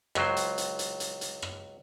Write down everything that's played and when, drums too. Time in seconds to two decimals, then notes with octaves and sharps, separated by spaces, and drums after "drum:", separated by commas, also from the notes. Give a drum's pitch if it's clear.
0.15 C#2 F#3 C5, drum: rim click
0.37 drum: hi-hat
0.58 drum: hi-hat
0.79 drum: hi-hat
1.00 drum: hi-hat
1.21 drum: hi-hat
1.42 drum: rim click